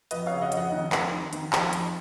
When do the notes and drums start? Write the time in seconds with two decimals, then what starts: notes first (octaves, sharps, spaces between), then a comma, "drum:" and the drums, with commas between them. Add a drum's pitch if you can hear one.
0.11 F2 B4 D#5, drum: hi-hat
0.26 C#5 F5
0.31 C#3
0.41 D#5 F#5
0.52 F2, drum: hi-hat
0.57 D#5 F#5
0.72 D#3
0.92 F2, drum: clap
1.13 D#3
1.33 D#3, drum: hi-hat
1.53 F2, drum: clap
1.73 F2, drum: hi-hat